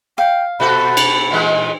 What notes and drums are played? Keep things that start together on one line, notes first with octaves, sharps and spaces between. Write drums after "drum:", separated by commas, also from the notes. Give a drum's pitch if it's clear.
F5 G5
B2 F#4 A4 B5
drum: cymbal
A#2 E3 G#3